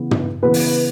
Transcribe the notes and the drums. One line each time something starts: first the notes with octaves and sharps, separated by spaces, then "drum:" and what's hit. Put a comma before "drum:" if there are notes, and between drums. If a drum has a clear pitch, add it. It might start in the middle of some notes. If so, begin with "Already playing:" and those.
Already playing: C#3 E3 B3
drum: tom
C#3 E3 B3 B4
drum: open hi-hat